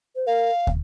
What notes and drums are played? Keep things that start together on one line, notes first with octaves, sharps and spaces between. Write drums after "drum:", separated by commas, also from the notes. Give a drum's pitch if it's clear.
C5
A#4 F5
drum: kick